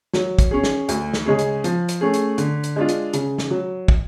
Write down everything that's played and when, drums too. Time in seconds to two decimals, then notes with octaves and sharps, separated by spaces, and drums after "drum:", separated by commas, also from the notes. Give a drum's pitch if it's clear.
0.14 F#3, drum: snare
0.39 drum: kick, hi-hat
0.51 C#4 G#4
0.64 drum: snare
0.89 D2, drum: hi-hat
1.14 drum: snare
1.26 C#3 G#3 C#4 G#4
1.39 drum: hi-hat
1.64 F3, drum: hi-hat
1.89 drum: hi-hat
2.01 A3 C#4 G#4
2.14 drum: hi-hat
2.38 D3, drum: hi-hat
2.63 drum: hi-hat
2.76 G#3 D4 F4
2.88 drum: hi-hat
3.13 C#3, drum: hi-hat
3.38 drum: snare
3.51 F#3
3.88 drum: kick